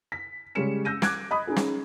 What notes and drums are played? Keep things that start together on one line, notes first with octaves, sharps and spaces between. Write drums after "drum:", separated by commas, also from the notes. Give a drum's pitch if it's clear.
B6
C#3 G3 G#3 C#4 C#7 E7
E6 G6 A#6 D#7
D6 F#6 G#6 D7, drum: snare
D#5 B5 D#6
C#4 D#4 G#4
drum: snare